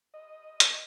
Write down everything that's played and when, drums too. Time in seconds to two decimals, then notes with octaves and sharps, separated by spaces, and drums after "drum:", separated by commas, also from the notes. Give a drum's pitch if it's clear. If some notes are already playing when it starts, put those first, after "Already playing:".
0.14 D#5
0.60 drum: hi-hat